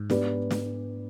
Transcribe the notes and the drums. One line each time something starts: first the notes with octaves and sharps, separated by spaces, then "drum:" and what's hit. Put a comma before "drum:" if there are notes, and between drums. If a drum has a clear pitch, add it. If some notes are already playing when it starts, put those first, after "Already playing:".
Already playing: G#2
B3 D4 G4 B4 D5, drum: snare
drum: snare